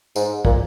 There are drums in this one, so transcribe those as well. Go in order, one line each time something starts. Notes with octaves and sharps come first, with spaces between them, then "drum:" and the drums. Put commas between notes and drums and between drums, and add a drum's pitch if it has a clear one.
G#2, drum: tambourine
A#2, drum: kick